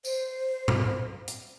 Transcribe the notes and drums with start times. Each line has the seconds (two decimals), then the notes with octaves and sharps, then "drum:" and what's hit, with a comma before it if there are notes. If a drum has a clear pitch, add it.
0.05 C5, drum: tambourine
0.68 drum: tom A2
1.28 drum: hi-hat